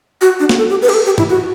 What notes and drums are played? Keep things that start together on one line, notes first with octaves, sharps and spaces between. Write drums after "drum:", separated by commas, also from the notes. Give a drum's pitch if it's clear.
F#4
D4
F#4, drum: snare
A4
G4
B4
G4, drum: cymbal
A4
G4
E4, drum: tom G#2
F#4